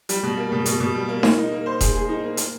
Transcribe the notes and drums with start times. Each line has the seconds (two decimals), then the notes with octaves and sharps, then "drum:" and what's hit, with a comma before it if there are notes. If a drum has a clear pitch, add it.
0.09 G3, drum: hi-hat
0.23 B2
0.37 A#3
0.52 B2
0.66 B2, drum: hi-hat
0.80 B2
0.95 G3
1.09 A#3
1.23 A#3, drum: snare D#4
1.38 D#4
1.52 A#3
1.66 C5
1.81 G#4, drum: kick E1, hi-hat
1.94 G#4
2.09 D#4
2.23 A#3
2.37 A#3, drum: hi-hat